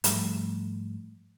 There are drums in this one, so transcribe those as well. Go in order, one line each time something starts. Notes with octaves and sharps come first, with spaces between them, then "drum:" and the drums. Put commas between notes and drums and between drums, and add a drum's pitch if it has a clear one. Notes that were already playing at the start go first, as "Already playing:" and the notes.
G#2 F3 G3 A3, drum: hi-hat